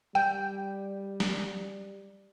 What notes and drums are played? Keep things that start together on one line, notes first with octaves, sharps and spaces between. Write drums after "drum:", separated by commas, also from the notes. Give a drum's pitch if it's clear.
G3 G5, drum: rim click
drum: snare